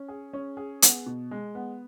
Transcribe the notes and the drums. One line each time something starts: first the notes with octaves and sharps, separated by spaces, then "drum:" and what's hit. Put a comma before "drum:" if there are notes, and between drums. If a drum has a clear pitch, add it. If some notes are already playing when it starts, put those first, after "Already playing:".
Already playing: C#4
G#4
C#4
G#4
B3, drum: hi-hat
B2
G#3
B3